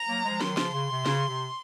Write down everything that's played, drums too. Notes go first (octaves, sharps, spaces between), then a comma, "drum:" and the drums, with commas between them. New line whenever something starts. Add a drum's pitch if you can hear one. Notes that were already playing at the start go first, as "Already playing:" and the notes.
Already playing: A#5
F#3 A#3
F3 G#3
D#3 F#3 C6, drum: snare
C#3 F3, drum: snare
C#3
C3
C#3, drum: snare
C3